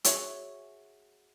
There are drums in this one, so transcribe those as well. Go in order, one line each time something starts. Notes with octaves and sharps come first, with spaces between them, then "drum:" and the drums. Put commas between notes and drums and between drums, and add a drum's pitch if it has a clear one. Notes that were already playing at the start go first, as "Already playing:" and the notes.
F#4 G#4 C#5 E5, drum: hi-hat